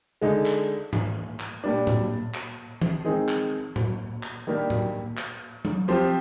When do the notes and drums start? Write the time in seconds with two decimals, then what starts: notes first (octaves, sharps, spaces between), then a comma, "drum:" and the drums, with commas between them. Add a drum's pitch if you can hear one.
0.21 D3 G#3 D#4
0.46 drum: clap
0.93 drum: tom G#2
1.40 drum: clap
1.64 A#2 G3 D4
1.87 drum: tom A2
2.34 drum: clap
2.82 drum: tom E3
3.05 D#3 G#3 C4 D#4 G#4
3.29 drum: clap
3.76 drum: tom A2
4.23 drum: clap
4.47 D#3 G3 A#3 D4 G4
4.70 drum: tom A2
5.17 drum: clap
5.65 drum: tom F#3
5.88 F3 C4 G4 C5